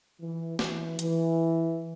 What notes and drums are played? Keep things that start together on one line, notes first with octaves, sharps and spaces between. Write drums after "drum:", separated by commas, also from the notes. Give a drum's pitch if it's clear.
E3
E3, drum: snare
E3, drum: hi-hat